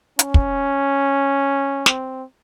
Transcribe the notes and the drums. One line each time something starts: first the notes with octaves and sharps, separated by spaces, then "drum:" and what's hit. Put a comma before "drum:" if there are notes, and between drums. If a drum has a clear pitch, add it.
C#4, drum: hi-hat
drum: kick
C4, drum: snare